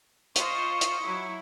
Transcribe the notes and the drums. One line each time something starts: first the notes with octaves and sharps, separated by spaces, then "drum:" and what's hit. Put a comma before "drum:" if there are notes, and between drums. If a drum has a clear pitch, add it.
F4 C5 D#5 C#6, drum: hi-hat
drum: hi-hat
F#3 E4